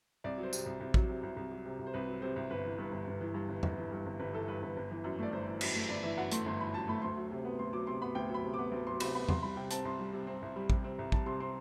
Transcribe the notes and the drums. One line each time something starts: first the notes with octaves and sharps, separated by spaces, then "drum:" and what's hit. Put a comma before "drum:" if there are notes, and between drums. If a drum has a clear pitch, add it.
C2 D5
F#3
C5
C3, drum: tambourine
C2
C2
F#3, drum: kick
C3
C2
C2
F#3
C3
C2
C5
C2 B4
F#3
C3 C5
C2
G1 B4
E3
G2 B4
G1
G1
E3
G2
G1
G1, drum: tom E2
E3
G2
G1
G1 B4
E3 A4
G2 B4
G1 B4
G1
E3
F#2
A3 D5
G1 C5
E3
F#2, drum: cymbal
A3
G1 D5
E3 E5
F#2 F#5
A3 C6, drum: hi-hat
G1 C6
E3 B5
F#2 A5
A3 B5
D2 C6
F#3
C3
B3
D2 C6
F#3 D6
C3 C6
B3 B5
D2 G5
F#3
B5
C3
B3 D6
D2
F#3 C6
C3 B5, drum: cymbal
B3 B5
C2 C6, drum: tom E2
G3 B5
C3 G5
C4 A5, drum: hi-hat
C2 C6
G3
C3
C4
C2
G3
C3, drum: kick
C4
C2
G3 A5, drum: kick
C3 C6
C4 C6